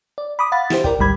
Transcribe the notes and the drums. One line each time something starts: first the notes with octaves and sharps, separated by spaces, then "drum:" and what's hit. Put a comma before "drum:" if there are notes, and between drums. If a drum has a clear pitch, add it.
D5
B5 D6 D#6
F5 F#5 B5 A6
E4 G4 C5, drum: snare
A#4 D5 G5, drum: kick
G#1 D2 G3 B5 G#6